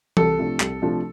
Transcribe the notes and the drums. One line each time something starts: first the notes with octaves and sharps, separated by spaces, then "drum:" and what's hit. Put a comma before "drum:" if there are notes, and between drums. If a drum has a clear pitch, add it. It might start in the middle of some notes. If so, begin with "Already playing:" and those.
C2 A4, drum: tom E3
C3 F3 A3 D4
C2, drum: clap
C3 F3 A3 D4